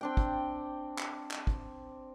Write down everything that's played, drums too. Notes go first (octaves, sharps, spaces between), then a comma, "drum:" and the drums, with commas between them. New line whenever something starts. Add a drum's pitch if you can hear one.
C4 D4 G5
drum: kick
drum: clap
drum: clap
drum: kick